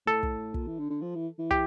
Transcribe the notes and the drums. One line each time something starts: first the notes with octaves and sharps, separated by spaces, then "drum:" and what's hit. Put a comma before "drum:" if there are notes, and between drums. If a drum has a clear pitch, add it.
A2 A4
drum: kick
A#2, drum: kick
E3
D3
D3
F3
E3
E3
G4, drum: kick